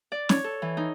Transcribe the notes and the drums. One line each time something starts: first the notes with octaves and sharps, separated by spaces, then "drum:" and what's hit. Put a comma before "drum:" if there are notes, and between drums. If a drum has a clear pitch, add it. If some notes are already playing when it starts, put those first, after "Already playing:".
D5
C#5, drum: snare
A4
E3
D#4